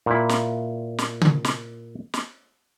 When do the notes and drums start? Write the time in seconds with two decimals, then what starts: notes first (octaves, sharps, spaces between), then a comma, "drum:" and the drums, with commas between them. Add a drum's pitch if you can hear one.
0.06 A#2 E4
0.29 drum: snare
0.98 drum: snare
1.21 drum: tom C#3
1.44 drum: snare
2.14 drum: snare